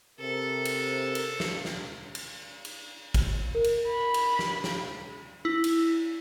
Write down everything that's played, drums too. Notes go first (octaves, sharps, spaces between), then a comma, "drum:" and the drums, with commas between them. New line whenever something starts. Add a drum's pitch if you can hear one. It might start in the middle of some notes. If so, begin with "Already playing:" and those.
C3 A4 A#4
drum: cymbal
drum: cymbal
drum: snare
drum: snare
drum: cymbal
drum: cymbal
drum: kick, cymbal
A#4
drum: cymbal
B5
drum: cymbal
drum: snare
drum: snare
E4
drum: cymbal